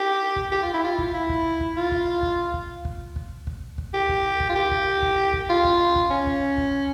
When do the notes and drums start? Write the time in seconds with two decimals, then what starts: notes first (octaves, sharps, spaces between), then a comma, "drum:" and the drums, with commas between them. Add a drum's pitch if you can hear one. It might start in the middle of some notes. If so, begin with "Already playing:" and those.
Already playing: G4
0.36 drum: kick
0.52 G4
0.63 F4
0.74 E4
0.84 F4
0.98 drum: kick
1.14 E4
1.29 drum: kick
1.61 drum: kick
1.77 F4
1.92 drum: kick
2.23 drum: kick
2.54 drum: kick
2.85 drum: kick
3.16 drum: kick
3.47 drum: kick
3.78 drum: kick
3.94 G4
4.09 drum: kick
4.40 drum: kick
4.49 F4
4.55 G4
4.71 drum: kick
5.02 drum: kick
5.33 drum: kick
5.50 F4
5.64 drum: kick
5.96 drum: kick
6.11 C#4
6.27 drum: kick
6.58 drum: kick